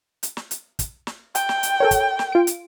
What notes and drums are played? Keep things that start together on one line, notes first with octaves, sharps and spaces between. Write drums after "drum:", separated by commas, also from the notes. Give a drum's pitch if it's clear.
drum: hi-hat
drum: snare
drum: hi-hat
drum: kick, hi-hat
drum: snare
G5, drum: hi-hat
drum: snare
drum: hi-hat
A4 A#4 C#5
drum: kick, hi-hat
drum: snare
F4 D7
drum: hi-hat